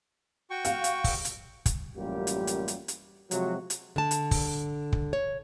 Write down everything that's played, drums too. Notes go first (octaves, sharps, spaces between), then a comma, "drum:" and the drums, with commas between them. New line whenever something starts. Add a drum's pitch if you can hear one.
F#4 G5 C#6
F5, drum: hi-hat
drum: hi-hat
drum: kick, open hi-hat
drum: hi-hat
drum: kick, hi-hat
A1 F#2 G3 A#3 F4 G4
drum: hi-hat
drum: hi-hat
drum: hi-hat
drum: hi-hat
C3 F3 F#3 G#3 F#4, drum: hi-hat
drum: hi-hat
D3 A5
drum: hi-hat
drum: kick, open hi-hat
drum: kick
C#5